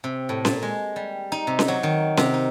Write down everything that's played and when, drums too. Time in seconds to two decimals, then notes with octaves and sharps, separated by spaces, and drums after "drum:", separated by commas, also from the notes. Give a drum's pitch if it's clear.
0.04 C3
0.29 A2
0.45 A#2, drum: snare C#4
0.63 G#3
0.96 G3
1.32 D#4
1.47 C3
1.59 drum: snare C#4
1.68 F#3
1.83 D#3
2.17 C3, drum: snare C#4
2.34 D#4